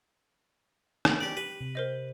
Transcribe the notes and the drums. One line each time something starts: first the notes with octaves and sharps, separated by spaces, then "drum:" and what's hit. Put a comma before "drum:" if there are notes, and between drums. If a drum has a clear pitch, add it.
drum: rim click
G4 D5
G4 B4
C3
A#4 C5 D#5